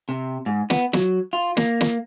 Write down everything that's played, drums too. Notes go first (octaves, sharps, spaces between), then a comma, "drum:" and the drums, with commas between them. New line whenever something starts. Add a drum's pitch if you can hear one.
C3
G#2
B3, drum: snare
F#3, drum: snare
F4
A#3, drum: snare
drum: snare